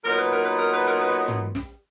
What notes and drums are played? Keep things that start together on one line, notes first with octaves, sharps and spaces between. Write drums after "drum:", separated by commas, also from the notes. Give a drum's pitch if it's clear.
A#2 F#3 B3 D#4 A#4
B4
A#4
B4
A#4
B4
A#4
B4
drum: tom
drum: snare